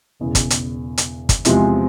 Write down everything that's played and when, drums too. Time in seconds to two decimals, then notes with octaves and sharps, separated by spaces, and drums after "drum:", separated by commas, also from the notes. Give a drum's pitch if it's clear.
0.20 E1 E2 C#3
0.35 drum: kick, hi-hat
0.50 drum: hi-hat
0.98 drum: hi-hat
1.29 drum: kick, hi-hat
1.45 E2 C3 F3 G#3, drum: hi-hat